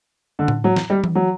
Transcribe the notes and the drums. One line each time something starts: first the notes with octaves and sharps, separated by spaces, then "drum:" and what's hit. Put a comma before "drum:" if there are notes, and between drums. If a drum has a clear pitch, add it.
D3
drum: tom A2
F#3
drum: snare
G3
drum: tom E3
F#3